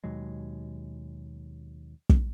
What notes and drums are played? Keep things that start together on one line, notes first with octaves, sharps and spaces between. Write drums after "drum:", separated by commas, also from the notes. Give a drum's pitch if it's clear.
D#2 B2 F#3 G#3
drum: kick